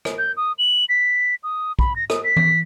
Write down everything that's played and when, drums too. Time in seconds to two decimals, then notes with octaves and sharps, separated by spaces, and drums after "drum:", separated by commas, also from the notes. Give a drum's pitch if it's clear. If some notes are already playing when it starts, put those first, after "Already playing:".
0.05 drum: rim click
0.18 G6
0.37 D#6
0.58 F#7
0.89 B6
1.43 D#6
1.79 B5, drum: kick
1.96 A#6
2.10 D#6, drum: rim click
2.24 B6
2.36 drum: tom E3